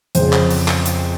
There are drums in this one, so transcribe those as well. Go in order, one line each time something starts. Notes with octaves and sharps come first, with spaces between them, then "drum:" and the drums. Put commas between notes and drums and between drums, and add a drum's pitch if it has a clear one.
F2 C#3 C5, drum: hi-hat
drum: clap
drum: open hi-hat
drum: clap
drum: hi-hat